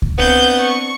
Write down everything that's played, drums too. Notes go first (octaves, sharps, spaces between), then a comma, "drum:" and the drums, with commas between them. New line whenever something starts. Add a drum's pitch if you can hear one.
drum: kick C#2
B3 C4 D4 G6 A6
C#6